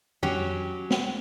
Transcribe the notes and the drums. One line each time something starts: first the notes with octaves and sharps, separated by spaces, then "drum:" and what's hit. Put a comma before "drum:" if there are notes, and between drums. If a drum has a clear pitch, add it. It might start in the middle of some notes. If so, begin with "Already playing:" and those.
F#3 C#4 G4, drum: tom
drum: snare